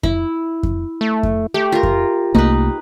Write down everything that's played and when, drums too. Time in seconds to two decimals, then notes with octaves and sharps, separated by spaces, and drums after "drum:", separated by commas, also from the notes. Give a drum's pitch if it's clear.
0.03 E4, drum: kick F2
0.63 drum: kick F2
1.01 A3
1.23 drum: kick F2
1.54 A3 G4
1.72 F4 A#4
1.83 drum: kick F2
2.35 C2 A3 A#3 D#4 B4